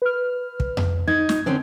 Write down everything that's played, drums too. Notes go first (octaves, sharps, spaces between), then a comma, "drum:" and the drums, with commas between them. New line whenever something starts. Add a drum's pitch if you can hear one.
B4 F6
drum: kick
drum: tom F2
D#4 G#6
drum: snare
D3 C4 C#4